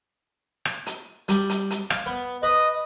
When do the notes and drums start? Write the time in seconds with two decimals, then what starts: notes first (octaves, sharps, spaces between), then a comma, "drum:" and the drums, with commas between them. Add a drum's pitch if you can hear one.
0.65 drum: rim click
0.86 drum: hi-hat
1.28 G3, drum: hi-hat
1.49 drum: hi-hat
1.70 drum: hi-hat
1.90 F5, drum: rim click
2.06 B3
2.43 B4 D#5